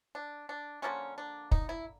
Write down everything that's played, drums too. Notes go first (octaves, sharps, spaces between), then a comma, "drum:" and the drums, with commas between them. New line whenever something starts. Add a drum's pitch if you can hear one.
D4
D4
D3 F3 A#3 C#4
D4
D#4, drum: kick
E4